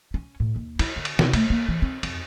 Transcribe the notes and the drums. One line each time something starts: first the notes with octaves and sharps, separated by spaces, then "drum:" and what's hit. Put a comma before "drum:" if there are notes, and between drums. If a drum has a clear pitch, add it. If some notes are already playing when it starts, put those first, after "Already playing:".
C#4
A2
D#2
E4, drum: cymbal
D3
drum: cymbal
C3, drum: snare
A3, drum: cymbal
A#3
E3
C4
F2, drum: cymbal